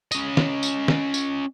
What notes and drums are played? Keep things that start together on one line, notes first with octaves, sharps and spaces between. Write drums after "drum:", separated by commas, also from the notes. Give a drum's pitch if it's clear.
C#4 D#5, drum: tambourine
drum: snare
drum: tambourine
drum: snare
drum: tambourine